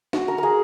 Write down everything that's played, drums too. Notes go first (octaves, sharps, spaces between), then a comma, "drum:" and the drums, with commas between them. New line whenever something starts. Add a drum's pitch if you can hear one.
F#4, drum: snare
A#4
G#4 A#4